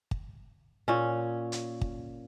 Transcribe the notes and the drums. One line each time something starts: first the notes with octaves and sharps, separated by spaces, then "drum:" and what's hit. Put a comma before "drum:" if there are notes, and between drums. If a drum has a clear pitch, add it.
drum: kick
A#2 C#4
drum: hi-hat
drum: kick